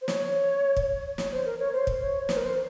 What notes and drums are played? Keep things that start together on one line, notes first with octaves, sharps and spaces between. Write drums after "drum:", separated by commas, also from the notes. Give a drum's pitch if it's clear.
C5
C#5, drum: snare
drum: kick
C#5, drum: snare
C5
A#4
C#5
C5
drum: kick
C#5
C5, drum: snare
A#4
C5